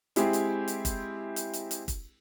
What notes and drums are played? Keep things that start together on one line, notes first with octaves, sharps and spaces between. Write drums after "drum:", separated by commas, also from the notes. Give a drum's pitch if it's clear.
G#3 C4 E4 G4 G#4, drum: hi-hat
drum: hi-hat
drum: hi-hat
drum: kick, hi-hat
drum: hi-hat
drum: hi-hat
drum: hi-hat
drum: kick, hi-hat